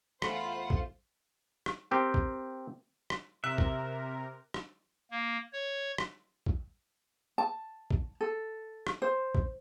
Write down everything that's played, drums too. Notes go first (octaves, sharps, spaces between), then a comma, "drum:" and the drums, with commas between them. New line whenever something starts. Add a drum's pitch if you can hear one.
E2 A3 F4 C5 F#5 B5, drum: rim click
drum: kick A1
drum: rim click
C4 G4 A#4
drum: kick A1
drum: rim click
C3 A#4 E5 F#6
drum: kick A1
drum: rim click
A#3
C#5
drum: rim click
drum: kick A1
A5
drum: kick A1
A4
drum: rim click
C5
drum: kick A1